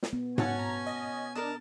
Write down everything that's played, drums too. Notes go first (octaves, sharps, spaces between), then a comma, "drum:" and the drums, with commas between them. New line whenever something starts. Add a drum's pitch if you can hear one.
drum: snare
B3
C#4 F#4 C#5 F#5 G#5 A5, drum: tom G#2
A#5
D#5
D4 A#4 D#5 A5